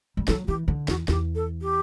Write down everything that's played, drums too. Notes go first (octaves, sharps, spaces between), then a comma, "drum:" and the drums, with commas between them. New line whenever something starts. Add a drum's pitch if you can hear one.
G3
F#3 A4, drum: snare
E3 G4
D3
E2 F#4, drum: snare
E2 G4, drum: snare
A4
G4